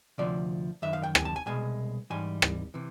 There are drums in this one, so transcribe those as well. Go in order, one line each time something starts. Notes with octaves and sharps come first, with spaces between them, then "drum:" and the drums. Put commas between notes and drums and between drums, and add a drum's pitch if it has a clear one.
D2 C3 F3 D5
F#2 D#3 E5
F5
G5
G#5, drum: rim click
A5
G#5
C2 B2 G#3 G#5
G#2 E3 G3 G#5
drum: rim click
C3 E3